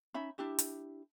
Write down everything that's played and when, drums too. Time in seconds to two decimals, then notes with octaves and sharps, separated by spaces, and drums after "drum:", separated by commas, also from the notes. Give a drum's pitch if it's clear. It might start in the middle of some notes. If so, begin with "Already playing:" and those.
0.14 C#4 D#4 E5 B5
0.38 D4 E4 G4 E5
0.59 drum: hi-hat